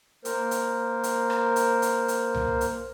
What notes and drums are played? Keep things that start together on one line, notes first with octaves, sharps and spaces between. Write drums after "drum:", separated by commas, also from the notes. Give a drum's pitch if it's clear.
A#3 A#4 C5, drum: hi-hat
drum: hi-hat
drum: hi-hat
drum: rim click
drum: hi-hat
drum: hi-hat
drum: hi-hat
drum: tom C2
drum: hi-hat